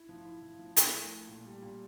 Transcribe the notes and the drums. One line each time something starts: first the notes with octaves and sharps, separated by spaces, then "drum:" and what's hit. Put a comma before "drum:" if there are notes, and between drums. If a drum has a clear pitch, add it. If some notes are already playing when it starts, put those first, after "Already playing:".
Already playing: E4
F3
E4
F3
F3
E4, drum: hi-hat
A3
A3
A#2
G3
A#2